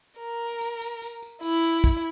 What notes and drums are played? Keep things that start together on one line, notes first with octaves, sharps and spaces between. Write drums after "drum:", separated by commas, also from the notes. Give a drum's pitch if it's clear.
A#4
drum: tambourine
drum: tambourine
drum: tambourine
drum: tambourine
E4, drum: tambourine
drum: tambourine
drum: kick, tambourine